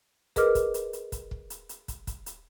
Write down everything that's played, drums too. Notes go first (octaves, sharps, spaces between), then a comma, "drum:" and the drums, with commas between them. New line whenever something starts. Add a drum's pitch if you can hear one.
G#4 A#4 B4 D#5 D6 F6, drum: kick, hi-hat
drum: kick, hi-hat
drum: hi-hat
drum: hi-hat
drum: kick, hi-hat
drum: kick
drum: hi-hat
drum: hi-hat
drum: kick, hi-hat
drum: kick, hi-hat
drum: hi-hat